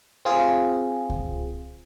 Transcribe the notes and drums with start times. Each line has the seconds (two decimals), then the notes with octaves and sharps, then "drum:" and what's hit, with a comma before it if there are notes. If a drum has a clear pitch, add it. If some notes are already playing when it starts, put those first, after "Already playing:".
0.25 C4 F4 G#4
1.10 drum: kick C#2